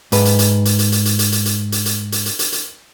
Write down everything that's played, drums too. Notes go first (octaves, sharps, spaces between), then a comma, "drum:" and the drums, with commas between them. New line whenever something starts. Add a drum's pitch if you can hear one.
G#2 B4, drum: hi-hat
drum: hi-hat
drum: hi-hat
drum: hi-hat
drum: hi-hat
drum: hi-hat
drum: hi-hat
drum: hi-hat
drum: hi-hat
drum: hi-hat
drum: hi-hat
drum: hi-hat
drum: hi-hat
drum: hi-hat
drum: hi-hat
drum: hi-hat